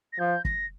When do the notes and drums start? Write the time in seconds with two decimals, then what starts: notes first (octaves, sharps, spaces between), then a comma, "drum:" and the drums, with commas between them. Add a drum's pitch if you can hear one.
0.13 A#6
0.19 F3 G6
0.45 A#6, drum: kick